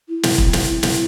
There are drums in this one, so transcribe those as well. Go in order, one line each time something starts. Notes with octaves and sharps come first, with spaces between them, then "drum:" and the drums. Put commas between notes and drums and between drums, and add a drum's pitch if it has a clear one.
E4
drum: snare
drum: kick
E4, drum: snare
drum: snare